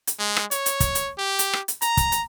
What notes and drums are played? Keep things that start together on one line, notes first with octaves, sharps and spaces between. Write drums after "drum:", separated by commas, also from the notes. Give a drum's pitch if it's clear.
drum: hi-hat
G#3
drum: rim click
C#5, drum: hi-hat
drum: hi-hat
drum: kick, hi-hat
drum: hi-hat
G4
drum: hi-hat
drum: rim click
drum: hi-hat
A#5, drum: hi-hat
drum: kick, hi-hat
drum: hi-hat